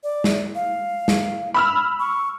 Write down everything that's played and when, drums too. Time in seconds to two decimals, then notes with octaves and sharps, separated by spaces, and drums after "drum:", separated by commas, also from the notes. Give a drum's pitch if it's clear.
0.03 D5
0.24 drum: snare
0.55 F5
1.08 drum: snare
1.54 B5 E6 F6
1.99 C#6